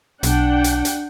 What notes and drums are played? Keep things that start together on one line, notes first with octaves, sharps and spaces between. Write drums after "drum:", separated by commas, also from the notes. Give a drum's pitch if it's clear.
B1 D4 F#5 G5, drum: hi-hat
drum: hi-hat
drum: hi-hat